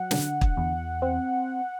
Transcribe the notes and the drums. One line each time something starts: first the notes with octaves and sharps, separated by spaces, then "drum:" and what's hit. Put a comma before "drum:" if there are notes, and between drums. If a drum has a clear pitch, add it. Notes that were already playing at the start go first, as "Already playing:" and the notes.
Already playing: F#3 F#5
D3, drum: snare
drum: kick
E2
C4